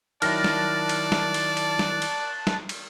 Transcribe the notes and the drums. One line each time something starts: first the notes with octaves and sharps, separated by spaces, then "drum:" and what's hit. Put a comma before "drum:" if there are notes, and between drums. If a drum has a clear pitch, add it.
D#3 F#3 E4 D5 A5 F6 F#6 A#6, drum: cymbal
drum: snare
drum: cymbal
drum: snare
drum: cymbal
drum: cymbal
drum: snare
drum: cymbal
drum: snare
drum: cymbal